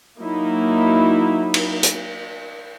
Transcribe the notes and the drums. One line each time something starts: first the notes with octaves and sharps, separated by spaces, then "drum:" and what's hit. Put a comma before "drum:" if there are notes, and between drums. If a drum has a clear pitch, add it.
F#3 A#3 D#4 E4
drum: cymbal
drum: hi-hat